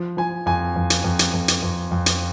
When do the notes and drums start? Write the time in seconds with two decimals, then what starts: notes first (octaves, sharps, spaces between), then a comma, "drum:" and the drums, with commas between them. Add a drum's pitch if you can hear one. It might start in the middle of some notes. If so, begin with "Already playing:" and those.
Already playing: F3
0.17 F3 G#5
0.46 F2 G#5
0.76 F2
0.90 drum: hi-hat
1.04 F2
1.19 drum: hi-hat
1.33 F2
1.48 drum: hi-hat
1.63 F2
1.91 F2
2.06 drum: hi-hat